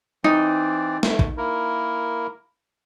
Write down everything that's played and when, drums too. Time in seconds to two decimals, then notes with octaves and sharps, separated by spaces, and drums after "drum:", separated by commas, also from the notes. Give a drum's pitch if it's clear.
0.24 E3 C4 D#4 D5
1.03 A3, drum: snare
1.19 drum: kick
1.37 A#3 E4 A#4